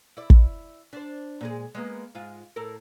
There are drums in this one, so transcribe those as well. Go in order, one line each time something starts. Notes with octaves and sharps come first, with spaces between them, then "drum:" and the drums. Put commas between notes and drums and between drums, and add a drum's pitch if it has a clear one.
E4 D5
drum: kick
D4 C5
A#2 G#3 G#4
G#3 A#3 B3
G#2 G#3 F4
A2 A4 A#4